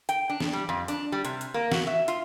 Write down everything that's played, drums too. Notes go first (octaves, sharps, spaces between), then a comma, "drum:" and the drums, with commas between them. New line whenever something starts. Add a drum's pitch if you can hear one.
G5, drum: hi-hat
D4
drum: snare
G3
F2
D4, drum: hi-hat
G3
C3, drum: hi-hat
drum: hi-hat
A#3
F#4, drum: snare
E5
F4, drum: hi-hat